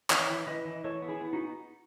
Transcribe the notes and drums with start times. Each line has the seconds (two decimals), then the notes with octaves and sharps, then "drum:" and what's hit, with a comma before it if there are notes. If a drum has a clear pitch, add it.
0.10 E3 C#5 E5, drum: clap
0.29 E3
0.47 E3 B4 D#5
0.65 E3
0.84 E3 A4 C#5
1.02 B3
1.09 E4 G#4
1.21 B3
1.33 D#4 F#4